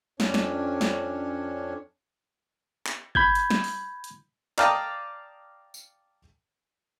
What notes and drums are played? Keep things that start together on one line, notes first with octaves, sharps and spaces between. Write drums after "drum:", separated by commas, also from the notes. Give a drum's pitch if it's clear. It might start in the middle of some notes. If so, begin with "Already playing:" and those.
F2 C#4 D4 C#5, drum: snare
drum: snare
drum: snare
drum: clap
B5 G6 G#6, drum: kick
drum: hi-hat
drum: snare
drum: open hi-hat
drum: hi-hat
D5 F5 G5 A5 A#5 D#6, drum: clap
drum: tambourine